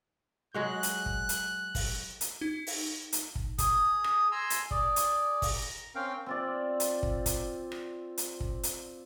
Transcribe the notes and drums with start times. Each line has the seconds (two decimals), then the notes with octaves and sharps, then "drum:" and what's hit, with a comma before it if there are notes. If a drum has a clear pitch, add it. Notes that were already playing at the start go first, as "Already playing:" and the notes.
0.54 F#3 G#3 F#4 F#6
0.83 drum: hi-hat
1.06 drum: kick
1.29 drum: hi-hat
1.75 drum: kick, open hi-hat
2.21 drum: hi-hat
2.41 D#4
2.67 drum: open hi-hat
3.13 drum: hi-hat
3.35 drum: kick
3.58 G#4 D#6, drum: kick, hi-hat
4.04 drum: rim click
4.32 G#5 A#5 C6 E6
4.50 drum: hi-hat
4.71 G#4 D5, drum: kick
4.96 drum: hi-hat
5.42 drum: kick, open hi-hat
5.56 A#5
5.95 C4 C#4 A#4 F5 G5
6.26 C4 F4 D5
6.80 drum: hi-hat
7.03 drum: kick
7.26 drum: kick, hi-hat
7.72 drum: rim click
8.18 drum: hi-hat
8.40 drum: kick
8.63 drum: hi-hat